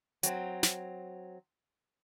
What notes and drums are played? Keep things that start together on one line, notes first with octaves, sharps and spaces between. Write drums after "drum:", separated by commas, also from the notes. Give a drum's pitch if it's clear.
F#3 C4, drum: hi-hat
drum: snare